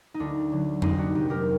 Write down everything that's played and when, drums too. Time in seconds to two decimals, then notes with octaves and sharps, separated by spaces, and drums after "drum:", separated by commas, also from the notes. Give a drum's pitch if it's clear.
0.14 D#4
0.20 D2 D4
0.52 D3 F#3
0.82 C2 C4 D#4, drum: tom F2
0.98 D4 F#4
1.14 C3 D#3 F#3 D#4 G4
1.30 G4 A#4